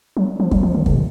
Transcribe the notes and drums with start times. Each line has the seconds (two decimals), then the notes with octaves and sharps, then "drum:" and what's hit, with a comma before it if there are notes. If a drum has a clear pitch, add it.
0.17 F#3
0.40 F3
0.51 F#3, drum: kick
0.63 F3
0.75 D#3
0.86 C#3, drum: kick
0.95 B2